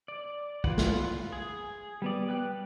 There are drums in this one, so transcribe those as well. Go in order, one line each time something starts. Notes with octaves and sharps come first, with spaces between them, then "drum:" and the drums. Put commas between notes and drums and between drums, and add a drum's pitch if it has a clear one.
D5
F4 B4 F#5, drum: kick
drum: snare
G#4
G3 B3 D5
G3 B4 G5 F#6